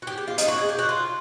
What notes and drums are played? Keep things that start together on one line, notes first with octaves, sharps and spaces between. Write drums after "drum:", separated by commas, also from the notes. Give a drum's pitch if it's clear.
F#4
G4
G4
F4
D#4, drum: hi-hat
F#4
G#4
G4
F#4
F4